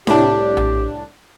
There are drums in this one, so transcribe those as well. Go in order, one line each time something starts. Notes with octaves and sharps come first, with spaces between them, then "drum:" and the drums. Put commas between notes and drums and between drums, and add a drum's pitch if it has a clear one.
C2 A2 D4 G4, drum: snare D4
drum: tom A#1